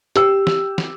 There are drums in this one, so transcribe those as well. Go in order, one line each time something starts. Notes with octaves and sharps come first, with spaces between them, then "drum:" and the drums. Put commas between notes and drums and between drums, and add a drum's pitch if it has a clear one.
G4 E6, drum: hi-hat
drum: snare
drum: snare